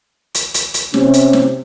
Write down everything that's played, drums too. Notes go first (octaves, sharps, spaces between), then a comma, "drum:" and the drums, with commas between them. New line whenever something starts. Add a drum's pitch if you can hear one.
drum: hi-hat
drum: hi-hat
drum: hi-hat
C3 C#4, drum: snare
drum: hi-hat
drum: snare